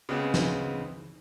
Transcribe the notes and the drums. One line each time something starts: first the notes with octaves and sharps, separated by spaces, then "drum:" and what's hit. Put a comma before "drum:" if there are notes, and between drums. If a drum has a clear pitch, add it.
C#3 G#3 B3 C4
drum: snare